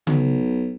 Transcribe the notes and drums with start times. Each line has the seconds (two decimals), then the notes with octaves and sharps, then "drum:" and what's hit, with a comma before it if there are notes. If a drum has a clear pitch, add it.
0.07 B1, drum: tom C#3